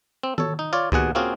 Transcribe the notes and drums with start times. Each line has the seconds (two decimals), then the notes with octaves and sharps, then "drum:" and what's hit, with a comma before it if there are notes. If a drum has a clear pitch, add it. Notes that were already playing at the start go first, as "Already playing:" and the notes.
0.23 C4
0.38 A4 C#5, drum: tom D#3
0.59 D#4
0.73 F4 C#5 D5
0.92 D#2 B2 G#4 F#5, drum: kick C#2
1.15 A#3 C4 C#4 F4 F#4 G#4